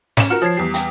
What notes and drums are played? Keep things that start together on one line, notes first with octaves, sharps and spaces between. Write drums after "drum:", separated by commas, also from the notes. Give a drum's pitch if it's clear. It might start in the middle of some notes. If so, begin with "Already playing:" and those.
C#4 E7, drum: snare
F4 F#4 A#4 F6 C#7
F3 C#5 G#6 C7
E2 G3 C7
G5, drum: hi-hat